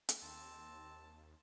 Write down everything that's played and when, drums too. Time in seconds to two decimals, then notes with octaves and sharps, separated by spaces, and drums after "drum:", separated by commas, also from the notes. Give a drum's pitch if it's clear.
0.09 drum: hi-hat
0.22 D#2 C4 A5